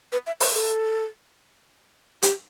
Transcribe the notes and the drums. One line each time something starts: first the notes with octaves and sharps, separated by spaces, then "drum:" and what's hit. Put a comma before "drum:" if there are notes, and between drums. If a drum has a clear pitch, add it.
B4
E5
C5, drum: open hi-hat
A4
G4, drum: hi-hat